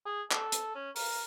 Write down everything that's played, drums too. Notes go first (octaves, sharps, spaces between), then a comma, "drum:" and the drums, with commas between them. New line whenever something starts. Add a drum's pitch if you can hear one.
G#4
A4, drum: clap
drum: hi-hat
C#4
A#4, drum: open hi-hat